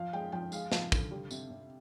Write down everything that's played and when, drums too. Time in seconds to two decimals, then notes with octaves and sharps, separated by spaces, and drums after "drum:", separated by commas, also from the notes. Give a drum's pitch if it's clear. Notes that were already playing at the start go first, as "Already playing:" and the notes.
Already playing: F3 F5
0.13 G#3 G5
0.32 F3 G5
0.52 G#3 F5, drum: tambourine
0.72 F3, drum: snare
0.92 D3, drum: kick, tambourine
1.11 G3
1.31 C3, drum: tambourine
1.50 C3